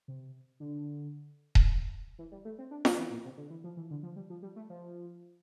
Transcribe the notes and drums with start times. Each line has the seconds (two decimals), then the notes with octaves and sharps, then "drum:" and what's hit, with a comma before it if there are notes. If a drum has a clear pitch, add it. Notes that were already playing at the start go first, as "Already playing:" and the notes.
0.08 C3
0.60 D3
1.55 drum: kick D#1
2.19 E3
2.32 G3
2.45 A3
2.58 C4
2.71 D4
2.85 C4, drum: snare F4
2.98 E3
3.11 A#2
3.25 C3
3.37 D3
3.50 E3
3.64 F3
3.77 E3
3.91 D3
4.03 F3
4.16 G3
4.30 F3
4.42 G3
4.56 A3
4.70 F3